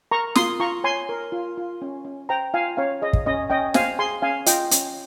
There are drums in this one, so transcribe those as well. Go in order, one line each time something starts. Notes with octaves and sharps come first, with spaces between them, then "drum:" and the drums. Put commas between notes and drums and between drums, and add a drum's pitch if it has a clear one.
A#4 A#5 C#6
F4 C6 D#6, drum: snare
F4 A#5 C#6
C#5 G#5 C6
A#4
F4
F4
C#4
C#4
C5 G5 A#5
F4 F5 G#5
C#4 C#5 F5
G#4 D#5
drum: kick
C#4 D#5
C#4 D#5 G5
C5 F5 G#5, drum: snare
G#4 G#5 C6
C#4 F5 G#5
F4 D#5 G5, drum: hi-hat
C#4, drum: hi-hat